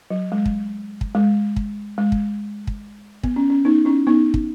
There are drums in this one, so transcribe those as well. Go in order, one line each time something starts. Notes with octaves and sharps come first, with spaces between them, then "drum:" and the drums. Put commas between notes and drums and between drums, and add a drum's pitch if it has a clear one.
F#3
G#3
drum: kick
drum: kick
G#3
drum: kick
G#3
drum: kick
drum: kick
B3, drum: kick
C#4
C#4
B3 D#4
C#4 E4
B3 D#4
drum: kick